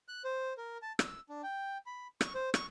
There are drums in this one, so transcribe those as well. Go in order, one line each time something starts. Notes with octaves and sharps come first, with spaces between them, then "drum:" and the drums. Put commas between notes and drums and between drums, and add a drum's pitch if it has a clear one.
F#6
C5
A#4
A5
E6, drum: rim click
D4
G5
B5
C#6, drum: rim click
C5
C#6, drum: rim click